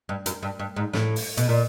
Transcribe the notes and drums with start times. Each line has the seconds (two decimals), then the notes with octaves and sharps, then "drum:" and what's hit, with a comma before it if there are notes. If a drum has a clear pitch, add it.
0.09 G2
0.26 F#2, drum: hi-hat
0.43 G2
0.59 G2
0.76 G#2
0.93 A2, drum: snare
1.16 drum: open hi-hat
1.37 B2, drum: hi-hat
1.49 A#2